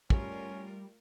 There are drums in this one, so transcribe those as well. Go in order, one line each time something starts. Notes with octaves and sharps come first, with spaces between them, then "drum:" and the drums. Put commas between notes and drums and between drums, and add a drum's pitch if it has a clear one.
G3 A3 C#4 F4 A#4, drum: kick